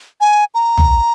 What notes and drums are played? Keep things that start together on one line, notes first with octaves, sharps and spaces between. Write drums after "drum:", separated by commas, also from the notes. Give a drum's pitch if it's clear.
G#5
A#5
drum: tom